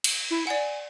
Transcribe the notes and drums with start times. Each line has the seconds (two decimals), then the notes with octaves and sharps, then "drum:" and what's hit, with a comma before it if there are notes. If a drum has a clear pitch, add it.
0.04 drum: cymbal
0.31 E4
0.47 D5 F#5 G#5